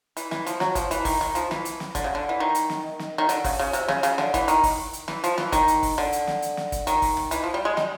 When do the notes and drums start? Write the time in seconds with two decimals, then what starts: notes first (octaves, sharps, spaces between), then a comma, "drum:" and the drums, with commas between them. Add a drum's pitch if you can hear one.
0.17 E3, drum: hi-hat
0.31 E3, drum: snare
0.47 F3, drum: hi-hat
0.60 F#3, drum: snare
0.75 F3, drum: kick, hi-hat
0.91 E3, drum: hi-hat
1.05 D#3, drum: kick, open hi-hat
1.21 D#3, drum: tom
1.35 F3, drum: hi-hat
1.51 E3, drum: snare
1.65 drum: hi-hat
1.80 drum: snare
1.95 D3, drum: kick, hi-hat
2.04 C#3
2.15 D3
2.29 E3
2.40 D#3
2.55 drum: hi-hat
2.70 drum: snare
2.99 drum: snare
3.18 D#3
3.29 D3, drum: hi-hat
3.44 C#3, drum: kick, open hi-hat
3.59 C#3
3.73 C3, drum: hi-hat
3.88 C#3, drum: snare
4.03 C#3, drum: hi-hat
4.18 D3, drum: snare
4.34 E3, drum: kick, hi-hat
4.48 D#3, drum: hi-hat
4.63 drum: kick, open hi-hat
4.93 drum: hi-hat
5.08 E3, drum: snare
5.24 F3, drum: hi-hat
5.38 E3, drum: snare
5.52 D#3, drum: kick, hi-hat
5.68 drum: hi-hat
5.83 drum: kick, open hi-hat
5.98 D3
6.13 drum: hi-hat
6.27 drum: snare
6.42 drum: hi-hat
6.57 drum: snare
6.72 drum: kick, hi-hat
6.87 D#3, drum: hi-hat
7.02 drum: kick, open hi-hat
7.17 drum: tom
7.31 E3, drum: hi-hat
7.44 F3
7.54 G3
7.65 G#3
7.77 G3, drum: snare